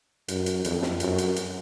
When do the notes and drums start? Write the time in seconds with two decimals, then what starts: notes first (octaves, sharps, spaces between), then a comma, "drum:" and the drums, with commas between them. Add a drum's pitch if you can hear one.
0.28 F#2, drum: hi-hat
0.46 drum: hi-hat
0.64 F2, drum: hi-hat
0.82 drum: snare
1.00 F#2, drum: hi-hat
1.18 drum: hi-hat
1.36 drum: hi-hat